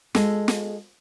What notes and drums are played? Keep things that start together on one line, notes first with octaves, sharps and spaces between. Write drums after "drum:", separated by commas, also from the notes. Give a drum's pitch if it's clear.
G#3 A4, drum: snare
drum: snare